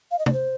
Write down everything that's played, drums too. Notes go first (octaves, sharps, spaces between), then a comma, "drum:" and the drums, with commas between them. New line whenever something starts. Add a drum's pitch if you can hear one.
F5
D#5
D5, drum: tom
C5